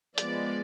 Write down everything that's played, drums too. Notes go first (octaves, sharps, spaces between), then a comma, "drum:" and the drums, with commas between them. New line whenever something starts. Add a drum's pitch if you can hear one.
F3 G#3 B3 D5, drum: hi-hat